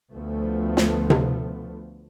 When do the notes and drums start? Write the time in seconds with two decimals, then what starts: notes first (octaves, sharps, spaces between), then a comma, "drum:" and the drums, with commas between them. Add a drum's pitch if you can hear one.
0.11 D2 F3 A3 B3
0.77 drum: snare
1.10 drum: tom C3